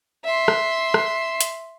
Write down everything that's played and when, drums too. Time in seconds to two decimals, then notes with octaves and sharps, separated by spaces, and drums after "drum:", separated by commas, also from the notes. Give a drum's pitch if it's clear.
0.25 E5 C6
0.48 drum: rim click
0.94 drum: rim click
1.41 drum: hi-hat